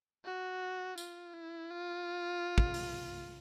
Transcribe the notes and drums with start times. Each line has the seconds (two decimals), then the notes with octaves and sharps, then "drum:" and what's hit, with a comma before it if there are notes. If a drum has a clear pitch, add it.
0.25 F#4
0.98 F4, drum: tambourine
1.34 E4
1.71 F4
2.58 drum: kick
2.74 drum: open hi-hat